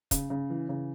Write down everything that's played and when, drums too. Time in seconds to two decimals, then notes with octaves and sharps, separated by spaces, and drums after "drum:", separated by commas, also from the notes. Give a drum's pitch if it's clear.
0.11 C#3, drum: kick, hi-hat
0.30 C#3
0.50 E3
0.69 C#3